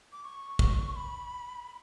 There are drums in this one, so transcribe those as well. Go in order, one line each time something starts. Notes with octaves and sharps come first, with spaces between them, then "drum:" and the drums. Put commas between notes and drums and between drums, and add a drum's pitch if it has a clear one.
D6
C#6
drum: kick
B5